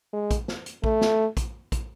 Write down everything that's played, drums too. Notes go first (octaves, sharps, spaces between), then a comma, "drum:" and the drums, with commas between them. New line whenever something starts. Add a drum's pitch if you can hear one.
G#3
drum: kick, hi-hat
drum: snare
drum: hi-hat
A3, drum: kick
drum: snare
drum: kick, hi-hat
drum: kick, hi-hat